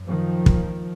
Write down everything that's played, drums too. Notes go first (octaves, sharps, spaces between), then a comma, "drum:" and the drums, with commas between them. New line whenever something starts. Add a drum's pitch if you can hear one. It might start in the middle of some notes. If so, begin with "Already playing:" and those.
Already playing: F#2
D#3 F3
drum: kick